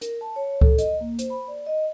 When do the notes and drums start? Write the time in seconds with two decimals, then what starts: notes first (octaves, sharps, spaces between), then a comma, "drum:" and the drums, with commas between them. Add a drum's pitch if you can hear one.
0.01 A#4, drum: hi-hat
0.21 A5
0.36 C#5
0.61 A4, drum: kick C#2
0.78 D#5, drum: hi-hat
1.01 A#3
1.19 C5, drum: hi-hat
1.30 B5
1.48 D5
1.67 D#5